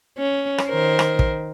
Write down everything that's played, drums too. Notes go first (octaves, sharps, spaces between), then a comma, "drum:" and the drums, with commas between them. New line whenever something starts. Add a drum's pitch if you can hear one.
C#4
drum: rim click
D#3 A#4 C5
drum: rim click
drum: kick